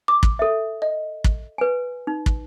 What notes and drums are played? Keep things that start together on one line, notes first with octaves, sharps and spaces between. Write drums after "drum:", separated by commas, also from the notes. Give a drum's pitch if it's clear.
D6
drum: kick
A4 E5
D#5
drum: kick
B4 G#5
D#4
drum: kick